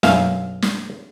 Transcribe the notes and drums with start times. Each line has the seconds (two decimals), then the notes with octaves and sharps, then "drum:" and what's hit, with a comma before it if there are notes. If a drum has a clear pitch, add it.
0.03 B1 F#2 E5 F5, drum: snare
0.62 drum: snare